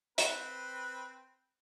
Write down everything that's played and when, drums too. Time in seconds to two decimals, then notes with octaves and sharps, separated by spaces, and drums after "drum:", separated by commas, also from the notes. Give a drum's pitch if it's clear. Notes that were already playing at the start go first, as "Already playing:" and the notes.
0.18 C4 B4, drum: hi-hat